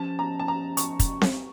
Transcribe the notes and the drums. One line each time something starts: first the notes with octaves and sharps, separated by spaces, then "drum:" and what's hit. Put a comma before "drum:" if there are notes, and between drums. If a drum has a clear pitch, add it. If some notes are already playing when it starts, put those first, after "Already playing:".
Already playing: F3 C#4 G4 A5
A#5
A5
A#5
C#6, drum: hi-hat
drum: kick, hi-hat
drum: snare C4